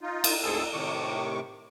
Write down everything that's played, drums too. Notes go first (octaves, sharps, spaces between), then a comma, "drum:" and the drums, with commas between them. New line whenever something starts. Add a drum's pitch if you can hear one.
D#4 F4
drum: cymbal
D2 G#2 C4 G#4 A4 E6
A2 C3 D#3 C#6 D6